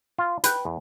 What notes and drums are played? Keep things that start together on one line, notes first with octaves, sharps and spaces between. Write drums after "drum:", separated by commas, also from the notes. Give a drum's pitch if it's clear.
F4
B4 G5, drum: hi-hat
E2